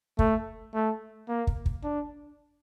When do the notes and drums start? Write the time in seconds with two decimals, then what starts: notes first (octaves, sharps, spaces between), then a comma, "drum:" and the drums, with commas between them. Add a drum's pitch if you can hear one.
0.19 A3, drum: kick
0.74 A3
1.28 A#3
1.47 drum: kick
1.66 drum: kick
1.84 D4